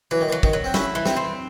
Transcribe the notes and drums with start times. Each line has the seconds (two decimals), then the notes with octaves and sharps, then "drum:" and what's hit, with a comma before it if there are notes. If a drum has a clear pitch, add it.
0.11 E3 F#3
0.21 D#3
0.29 E3
0.32 F#3
0.43 D#3, drum: kick
0.53 F#3
0.64 C4
0.74 C#4 E4, drum: snare
0.95 E3
1.06 C4, drum: snare
1.17 C4